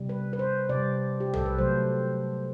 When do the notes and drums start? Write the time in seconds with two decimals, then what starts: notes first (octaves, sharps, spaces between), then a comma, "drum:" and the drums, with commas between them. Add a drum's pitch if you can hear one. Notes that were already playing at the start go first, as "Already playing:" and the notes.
Already playing: C3 G3
0.09 B4
0.33 B4
0.39 C5
0.69 C3 G3 D5
1.20 G4
1.34 A4, drum: tom
1.46 B4
1.58 C3 F#3 A3 C5